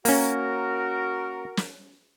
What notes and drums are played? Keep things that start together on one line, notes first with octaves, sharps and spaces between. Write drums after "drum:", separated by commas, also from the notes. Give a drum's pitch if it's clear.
A#3 C#4 F#4 A#4, drum: open hi-hat
drum: snare